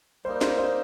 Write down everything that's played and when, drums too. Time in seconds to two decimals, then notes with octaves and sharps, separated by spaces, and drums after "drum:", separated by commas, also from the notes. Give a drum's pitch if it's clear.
0.25 G3 A#3 D#4 C5
0.41 C5, drum: snare
0.58 C5